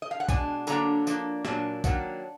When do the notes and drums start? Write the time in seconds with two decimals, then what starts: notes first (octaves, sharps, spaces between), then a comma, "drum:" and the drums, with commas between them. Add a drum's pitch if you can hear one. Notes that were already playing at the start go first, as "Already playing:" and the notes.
0.02 D#5
0.11 F5
0.20 F#5
0.29 B2 G#3 D4 G#5, drum: kick, tambourine
0.67 D3 F#3 A#3 D4 A#5, drum: tambourine
1.07 F3 A#3 D4, drum: tambourine
1.45 A#2 F#3 A#3 D4, drum: snare
1.84 D#3 F#3 A#3 D4 F#5, drum: kick, tambourine